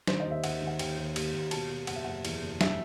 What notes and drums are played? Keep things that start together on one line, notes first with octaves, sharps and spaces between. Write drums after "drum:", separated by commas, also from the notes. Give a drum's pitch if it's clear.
D#3 C5, drum: snare
D#5
D#2
E5
D#2 F#5, drum: cymbal
D#3
F#5
D#2 G5, drum: cymbal
D#2
D#2, drum: cymbal
D#2
B2 A5, drum: cymbal
B2
F#1 F#5, drum: cymbal
E5
F#1 F#5
E2, drum: cymbal
F#1
E5, drum: snare